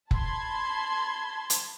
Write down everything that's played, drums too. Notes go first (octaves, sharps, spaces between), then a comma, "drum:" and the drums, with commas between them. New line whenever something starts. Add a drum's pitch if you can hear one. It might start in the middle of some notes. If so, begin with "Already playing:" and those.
A5 B5 C6 G#6, drum: kick
drum: hi-hat